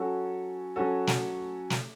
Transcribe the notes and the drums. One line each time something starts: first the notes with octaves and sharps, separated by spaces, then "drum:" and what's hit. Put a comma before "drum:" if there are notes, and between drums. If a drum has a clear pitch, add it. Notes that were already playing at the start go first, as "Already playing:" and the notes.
Already playing: F#3 C#4 F#4 A4
F#3 C#4 F#4 A4
drum: snare
drum: snare